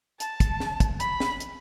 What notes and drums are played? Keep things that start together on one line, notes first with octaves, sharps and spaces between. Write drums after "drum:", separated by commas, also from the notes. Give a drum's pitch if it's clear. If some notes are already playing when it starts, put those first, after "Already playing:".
A5, drum: hi-hat
drum: kick, hi-hat
drum: snare
drum: kick, hi-hat
B5, drum: hi-hat
drum: snare
drum: hi-hat